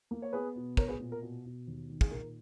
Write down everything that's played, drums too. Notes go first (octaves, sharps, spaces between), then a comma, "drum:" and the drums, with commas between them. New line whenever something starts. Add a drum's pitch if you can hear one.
A#3
C#5
B3 G#4 B4
B2
B3 A#4 C#5, drum: kick
G#4 B4
A#2
A#4
B2
B2
D#2
D#3
G#4, drum: kick
A#2 A#4